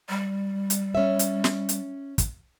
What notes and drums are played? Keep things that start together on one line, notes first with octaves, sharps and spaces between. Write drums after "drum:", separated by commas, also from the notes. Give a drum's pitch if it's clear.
G3
drum: hi-hat
C#4 E5
drum: hi-hat
drum: snare
drum: hi-hat
drum: kick, hi-hat